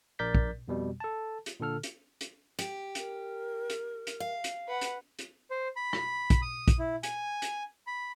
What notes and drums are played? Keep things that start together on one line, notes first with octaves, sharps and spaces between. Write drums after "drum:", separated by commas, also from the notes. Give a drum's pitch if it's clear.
A#1 A#4 D5 G6 A6 B6
drum: kick
F2 B2 G3
A4 A5
drum: hi-hat
A#2 D3 A4 F6
drum: hi-hat
drum: hi-hat
G4, drum: hi-hat
A#4, drum: hi-hat
drum: hi-hat
drum: hi-hat
F5
drum: hi-hat
B4 F#5
drum: hi-hat
drum: hi-hat
C5
B5
drum: rim click
drum: kick, hi-hat
D#6
drum: kick, hi-hat
E4
G#5, drum: hi-hat
drum: hi-hat
B5